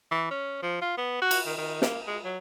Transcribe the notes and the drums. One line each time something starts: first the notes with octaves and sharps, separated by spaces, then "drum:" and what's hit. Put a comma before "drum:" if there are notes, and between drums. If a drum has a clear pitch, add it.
E3
C#4
F3
F4
B3
F#4
drum: cymbal
D#3
D#3
A#3, drum: snare
G#3
F#3